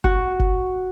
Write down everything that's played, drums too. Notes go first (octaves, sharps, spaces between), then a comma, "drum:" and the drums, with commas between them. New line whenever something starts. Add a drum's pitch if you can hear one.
F#4, drum: kick F#1
drum: kick F#1